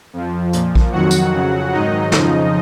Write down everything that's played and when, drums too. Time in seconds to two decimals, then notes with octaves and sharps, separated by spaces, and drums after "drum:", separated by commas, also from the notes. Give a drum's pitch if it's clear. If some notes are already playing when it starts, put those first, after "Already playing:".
0.13 F2 F3
0.53 A#2 F3, drum: hi-hat
0.75 drum: kick A#1
0.92 F2 D#3 F#3 F#4 F#5
1.11 drum: tambourine
1.32 F2 C#3 F#3
1.72 G#2 D#3 F#3 D#4 D#5
2.12 F2 C#3 F3, drum: snare